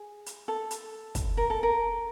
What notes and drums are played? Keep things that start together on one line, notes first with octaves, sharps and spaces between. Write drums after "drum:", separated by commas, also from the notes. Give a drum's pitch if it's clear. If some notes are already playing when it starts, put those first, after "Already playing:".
Already playing: G#4
drum: hi-hat
A4
drum: hi-hat
drum: kick, hi-hat
A#4
A4
A#4